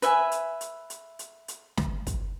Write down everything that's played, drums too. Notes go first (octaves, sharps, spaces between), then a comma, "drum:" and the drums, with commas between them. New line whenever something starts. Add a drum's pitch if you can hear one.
B4 E5 G#5, drum: hi-hat
drum: hi-hat
drum: hi-hat
drum: hi-hat
drum: hi-hat
drum: hi-hat
drum: snare
drum: kick, hi-hat